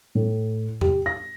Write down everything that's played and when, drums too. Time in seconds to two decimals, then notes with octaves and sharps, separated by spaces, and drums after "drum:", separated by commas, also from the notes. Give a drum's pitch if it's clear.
0.15 A2
0.81 G4, drum: tom E2
1.06 A#6